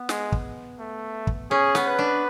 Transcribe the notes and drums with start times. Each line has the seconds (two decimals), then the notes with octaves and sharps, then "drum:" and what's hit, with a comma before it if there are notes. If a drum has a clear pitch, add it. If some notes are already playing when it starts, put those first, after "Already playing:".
Already playing: B3
0.09 G#3, drum: snare
0.32 drum: kick
0.79 A3
1.27 drum: kick
1.51 C#4 G#4
1.75 B3, drum: snare
1.87 B4
1.99 D4